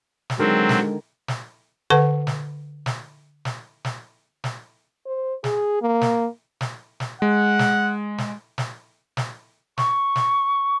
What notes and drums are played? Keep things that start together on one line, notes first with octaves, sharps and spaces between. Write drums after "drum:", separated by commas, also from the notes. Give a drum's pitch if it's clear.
drum: snare
D3 D#3 F#3 G#3 C4 A#4
drum: snare
drum: snare
D3 A4 B4 F#5 A5
drum: snare
drum: snare
drum: snare
drum: snare
drum: snare
C5
G#4, drum: snare
A#3
drum: snare
drum: snare
drum: snare
G#3 F#5
drum: snare
drum: snare
drum: snare
drum: snare
C#6, drum: snare
drum: snare